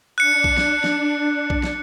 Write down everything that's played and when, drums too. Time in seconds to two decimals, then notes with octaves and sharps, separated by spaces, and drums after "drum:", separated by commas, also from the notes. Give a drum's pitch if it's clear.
0.18 D4 F#6 C#7
0.44 drum: kick A#1
0.57 drum: snare
0.84 drum: snare
1.50 drum: kick A#1
1.63 drum: snare